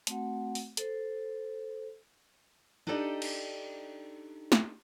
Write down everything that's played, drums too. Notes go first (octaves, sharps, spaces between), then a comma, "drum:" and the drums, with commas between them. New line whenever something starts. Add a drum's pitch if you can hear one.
A3 C4 F#4 F#5, drum: hi-hat
drum: open hi-hat
A4 C5, drum: hi-hat
D4 D#4 G4 A4 D5 D#5
drum: cymbal
drum: snare